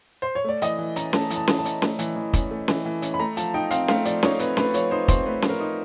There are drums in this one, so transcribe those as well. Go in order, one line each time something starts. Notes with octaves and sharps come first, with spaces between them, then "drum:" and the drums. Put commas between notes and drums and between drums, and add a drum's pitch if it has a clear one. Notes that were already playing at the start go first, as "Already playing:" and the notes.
C5
C#5
A3 D5
E3 D#5, drum: hi-hat
E3
C#4 A#5, drum: hi-hat
A3 A5, drum: snare C#4
E3, drum: hi-hat
A5
E3, drum: snare C#4
A5
C#4, drum: hi-hat
A3, drum: snare C#4
E3, drum: hi-hat
E3
C#4, drum: kick, hi-hat
A3
E3, drum: snare C#4
E3
C#4, drum: hi-hat
B5
A3 A#5
F3 A5, drum: hi-hat
D#4 G5
C4 F5, drum: hi-hat
A3 F5, drum: snare C#4
F3 D5, drum: hi-hat
D#4 C#5, drum: snare C#4
C4 B4, drum: hi-hat
A3 B4, drum: snare C#4
F3 C#5, drum: hi-hat
D#4 C5
C4 C5, drum: kick, hi-hat
A3 B4
F3, drum: snare C#4
A#4
D#4